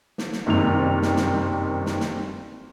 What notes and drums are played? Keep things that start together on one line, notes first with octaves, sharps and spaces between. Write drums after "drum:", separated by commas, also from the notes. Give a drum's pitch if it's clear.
drum: snare
drum: snare
F#1 G2 C3 D#3 C4 F7
drum: snare
drum: snare
drum: snare
drum: snare